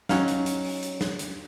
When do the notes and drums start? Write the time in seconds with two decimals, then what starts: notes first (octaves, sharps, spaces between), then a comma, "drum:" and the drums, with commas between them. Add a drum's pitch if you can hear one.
0.09 F#3 C#4 D#4 F5, drum: snare
0.28 drum: hi-hat
0.46 drum: hi-hat
0.64 drum: open hi-hat
0.82 drum: hi-hat
1.01 drum: snare
1.19 drum: hi-hat